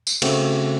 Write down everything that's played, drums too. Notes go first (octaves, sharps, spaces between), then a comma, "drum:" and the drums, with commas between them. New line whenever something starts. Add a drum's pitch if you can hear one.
drum: tambourine
C#3 A3 C4 F#4, drum: cymbal